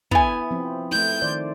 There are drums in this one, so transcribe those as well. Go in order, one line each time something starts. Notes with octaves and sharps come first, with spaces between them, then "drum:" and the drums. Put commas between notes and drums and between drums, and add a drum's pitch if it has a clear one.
B3 E4 G#5, drum: kick
F3 C4
A3 E4 G6
D#3 C5 D5